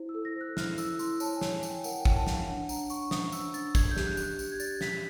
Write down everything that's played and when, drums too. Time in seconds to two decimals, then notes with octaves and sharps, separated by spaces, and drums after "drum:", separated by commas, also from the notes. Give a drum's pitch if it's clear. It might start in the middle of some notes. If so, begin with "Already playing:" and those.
Already playing: E4 C5
0.09 E6
0.14 A4
0.25 A#6
0.36 C5 F#6
0.57 E4 F6, drum: snare
0.78 E4 E6, drum: tambourine
0.99 E4 C6, drum: tambourine
1.20 C#5 A5, drum: tambourine
1.37 G#5
1.41 C#5, drum: snare
1.52 G#5
1.63 C#5, drum: tambourine
1.69 G5
1.84 A#4 F#5, drum: tambourine
2.00 G5
2.05 C#5, drum: kick
2.16 A5
2.27 C#5, drum: snare
2.32 F5
2.48 D4 F#5
2.69 D4 A#5, drum: tambourine
2.90 D4 C#6, drum: tambourine
3.11 C5 D#6, drum: snare
3.32 D4 E6, drum: tambourine
3.54 D4 A6, drum: tambourine
3.75 D5 G#6, drum: kick, tambourine
3.91 G6
3.96 G4, drum: snare
4.07 F#6
4.17 G4, drum: tambourine
4.23 F#6
4.39 G4, drum: tambourine
4.52 G#6
4.60 D5 A6, drum: tambourine
4.81 G4 B6, drum: snare